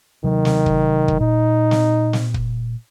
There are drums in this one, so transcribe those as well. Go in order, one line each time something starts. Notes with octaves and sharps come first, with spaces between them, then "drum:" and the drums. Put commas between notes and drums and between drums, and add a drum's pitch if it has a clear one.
C3 D#3 F#3
drum: snare
drum: kick
drum: kick
A#2 D#4
drum: snare
drum: snare
drum: kick